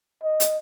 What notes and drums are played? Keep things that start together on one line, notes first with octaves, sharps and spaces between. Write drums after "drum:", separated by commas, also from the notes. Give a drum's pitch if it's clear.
D#5
drum: hi-hat